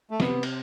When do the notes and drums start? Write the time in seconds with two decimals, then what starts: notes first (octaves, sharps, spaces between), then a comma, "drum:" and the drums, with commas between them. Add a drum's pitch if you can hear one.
0.11 A3
0.20 C3 B3, drum: snare
0.43 drum: cymbal